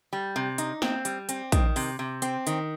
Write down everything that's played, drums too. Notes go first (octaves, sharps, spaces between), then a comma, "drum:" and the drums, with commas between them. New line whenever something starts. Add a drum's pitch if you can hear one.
G3
C3
D#4, drum: hi-hat
C4, drum: snare
G3, drum: hi-hat
C4, drum: hi-hat
D#3, drum: kick, hi-hat
C3, drum: open hi-hat
C3
C4, drum: hi-hat
D#3, drum: hi-hat